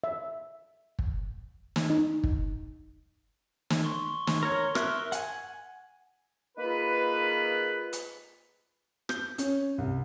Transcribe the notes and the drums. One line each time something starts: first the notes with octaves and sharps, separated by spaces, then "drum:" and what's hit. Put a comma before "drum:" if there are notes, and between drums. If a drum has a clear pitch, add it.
E5
drum: kick
drum: snare
D#4
drum: kick
drum: snare
C6 C#6
drum: snare
A#4 C#5
A#4 E5 F#6, drum: rim click
F#5 G#5, drum: hi-hat
A#3 D#4 F4 G#4 B4
drum: hi-hat
G6, drum: rim click
C#4, drum: hi-hat
C2